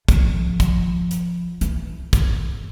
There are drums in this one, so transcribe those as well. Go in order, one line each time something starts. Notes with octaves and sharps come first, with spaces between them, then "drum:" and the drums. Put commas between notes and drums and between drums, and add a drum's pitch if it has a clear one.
F3, drum: kick, hi-hat
drum: kick, hi-hat
drum: hi-hat
E3, drum: hi-hat
drum: kick, hi-hat